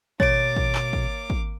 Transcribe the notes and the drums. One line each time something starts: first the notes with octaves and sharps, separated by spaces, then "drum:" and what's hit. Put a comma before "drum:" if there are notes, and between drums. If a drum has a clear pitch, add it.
B2 A#3 C#5 D6 A6 D7, drum: kick
drum: kick
drum: clap
drum: kick
drum: kick